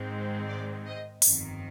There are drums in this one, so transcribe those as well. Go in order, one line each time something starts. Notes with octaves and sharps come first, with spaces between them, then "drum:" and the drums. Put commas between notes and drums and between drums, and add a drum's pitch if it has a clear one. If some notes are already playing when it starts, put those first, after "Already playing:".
Already playing: G#2 D#3 G#3 C4
D5
D#5
G1 F2 D#3, drum: open hi-hat